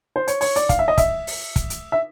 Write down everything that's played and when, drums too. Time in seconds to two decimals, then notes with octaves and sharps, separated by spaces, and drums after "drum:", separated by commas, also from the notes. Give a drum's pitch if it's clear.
0.16 C5
0.28 C#5, drum: hi-hat
0.41 C#5, drum: open hi-hat
0.56 D5, drum: hi-hat
0.69 F5, drum: kick, hi-hat
0.79 E5
0.88 D#5
0.98 E5, drum: kick, hi-hat
1.27 drum: open hi-hat
1.56 drum: kick, hi-hat
1.70 drum: hi-hat
1.92 E5